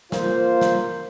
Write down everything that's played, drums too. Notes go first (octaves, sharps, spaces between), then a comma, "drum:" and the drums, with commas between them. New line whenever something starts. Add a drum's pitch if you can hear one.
A#3 F4 C5, drum: snare
drum: snare